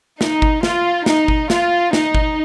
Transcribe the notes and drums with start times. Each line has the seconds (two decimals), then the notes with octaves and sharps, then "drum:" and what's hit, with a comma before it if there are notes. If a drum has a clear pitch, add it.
0.21 D#4, drum: snare
0.42 drum: kick G1
0.63 F4, drum: snare
1.06 D#4, drum: snare
1.28 drum: kick G1
1.50 F4, drum: snare
1.93 D#4, drum: snare
2.15 drum: kick G1